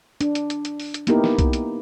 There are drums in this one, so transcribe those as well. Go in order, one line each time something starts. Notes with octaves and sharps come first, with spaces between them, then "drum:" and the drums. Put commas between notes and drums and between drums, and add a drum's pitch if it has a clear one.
D4, drum: hi-hat
drum: hi-hat
drum: hi-hat
drum: hi-hat
drum: open hi-hat
drum: hi-hat
A#3 B3 D#4 E4 G4 A#4, drum: hi-hat
drum: snare
drum: kick B1, hi-hat
drum: hi-hat